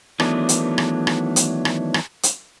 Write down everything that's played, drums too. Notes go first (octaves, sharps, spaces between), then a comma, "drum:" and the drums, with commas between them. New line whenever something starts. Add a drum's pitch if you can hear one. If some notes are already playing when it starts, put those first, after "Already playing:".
D#3 E3 F#3 A3 B3 D4, drum: rim click
drum: hi-hat
drum: rim click
drum: rim click
drum: hi-hat
drum: rim click
drum: rim click
drum: hi-hat